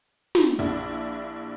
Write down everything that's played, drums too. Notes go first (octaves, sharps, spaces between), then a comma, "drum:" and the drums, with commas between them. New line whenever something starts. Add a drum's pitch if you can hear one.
drum: snare
A#1 D4 E4